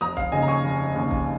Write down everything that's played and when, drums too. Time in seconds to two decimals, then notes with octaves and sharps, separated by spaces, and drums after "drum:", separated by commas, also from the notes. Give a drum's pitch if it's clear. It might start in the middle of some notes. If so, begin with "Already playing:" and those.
0.01 F1 A#5 D#6
0.17 F5, drum: kick
0.32 D#2 C#3 D#5 G#5
0.42 A#5
0.48 G#5 C#6
0.64 F1
0.95 D#2 C#3
1.11 drum: kick